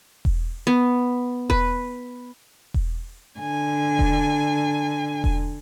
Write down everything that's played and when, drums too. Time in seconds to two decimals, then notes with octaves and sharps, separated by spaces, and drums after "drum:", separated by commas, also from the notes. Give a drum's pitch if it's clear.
0.25 drum: kick E1
0.67 B3
1.50 B4, drum: kick E1
2.74 drum: kick E1
3.37 D3 G#5
3.99 drum: kick E1
5.24 drum: kick E1